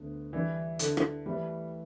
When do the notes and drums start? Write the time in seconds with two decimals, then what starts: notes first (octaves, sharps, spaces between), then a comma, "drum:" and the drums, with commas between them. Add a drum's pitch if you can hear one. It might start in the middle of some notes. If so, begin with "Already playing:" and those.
Already playing: D2 D3 B3
0.33 E3 G3 E4 B4 D5
0.79 D3, drum: hi-hat
0.97 drum: rim click
1.26 E3 G3 A3 E4 B4